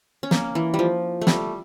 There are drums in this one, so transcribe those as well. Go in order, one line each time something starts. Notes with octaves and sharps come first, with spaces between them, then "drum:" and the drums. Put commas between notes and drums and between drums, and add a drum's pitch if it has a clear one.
C#4
A#3, drum: snare
E3
G3
F3
A3
G3, drum: snare